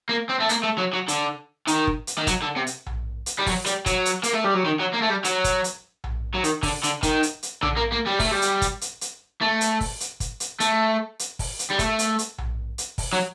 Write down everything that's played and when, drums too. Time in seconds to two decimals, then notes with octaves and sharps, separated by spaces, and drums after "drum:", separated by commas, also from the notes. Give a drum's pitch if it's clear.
0.09 A#3
0.29 C4
0.40 A3
0.49 A#3, drum: hi-hat
0.63 A3
0.78 F#3
0.93 F#3
1.08 D3, drum: hi-hat
1.67 D#3, drum: hi-hat
1.87 drum: kick
2.07 drum: hi-hat
2.18 D#3
2.27 F#3, drum: kick, hi-hat
2.42 D3
2.57 C3
2.67 drum: hi-hat
2.86 drum: tom A#1
3.26 drum: hi-hat
3.39 G3
3.46 F#3, drum: kick, open hi-hat
3.66 G3, drum: hi-hat
3.86 F#3, drum: kick, hi-hat
4.05 drum: hi-hat
4.23 A#3, drum: hi-hat
4.33 A3
4.44 G3
4.54 F#3
4.65 D#3
4.80 F#3
4.93 A#3
5.02 A3
5.09 G3
5.24 F#3, drum: hi-hat
5.44 drum: kick, hi-hat
5.64 drum: hi-hat
6.04 drum: tom A#1
6.34 F#3
6.44 D#3, drum: hi-hat
6.63 D3, drum: kick, open hi-hat
6.83 D3, drum: hi-hat
7.03 D#3, drum: kick, hi-hat
7.23 drum: hi-hat
7.43 drum: hi-hat
7.63 D3, drum: tom A#1
7.77 A#3
7.92 A#3
8.07 G3
8.19 A3, drum: kick, open hi-hat
8.32 G3
8.42 drum: hi-hat
8.62 drum: kick, hi-hat
8.81 drum: hi-hat
9.01 drum: hi-hat
9.41 A3
9.61 drum: hi-hat
9.81 drum: kick, open hi-hat
10.00 drum: hi-hat
10.20 drum: kick, hi-hat
10.40 drum: hi-hat
10.60 A3, drum: hi-hat
11.19 drum: hi-hat
11.39 drum: kick, open hi-hat
11.59 drum: hi-hat
11.71 G3
11.79 A3, drum: kick, hi-hat
11.99 drum: hi-hat
12.19 drum: hi-hat
12.38 drum: tom A#1
12.78 drum: hi-hat
12.98 drum: kick, open hi-hat
13.13 F#3